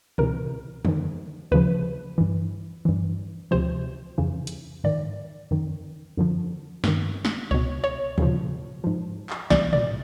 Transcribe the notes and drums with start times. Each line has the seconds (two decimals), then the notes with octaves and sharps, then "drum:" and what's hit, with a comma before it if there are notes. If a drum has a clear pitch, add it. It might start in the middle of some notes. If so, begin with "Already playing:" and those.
0.18 C#2 C3 E3 A#4, drum: tom
0.85 F#2 D#3, drum: tom
1.51 D#2 C#3 F3 B4
2.18 G2 E3
2.85 G2 E3
3.51 D2 C3 F3 C5
4.18 F2 C#3 E3
4.47 drum: hi-hat
4.84 G#2 D#3 D5
5.51 F#2 D#3
6.17 F#2 D3 F3
6.84 G2 D#3, drum: snare
7.25 drum: snare
7.51 C#2 B2 C#5
7.84 C#5
8.18 D#2 C#3 F3, drum: tom
8.84 G#2 F3
9.30 drum: clap
9.50 C2 C3 E3 D5, drum: snare
9.73 D5, drum: tom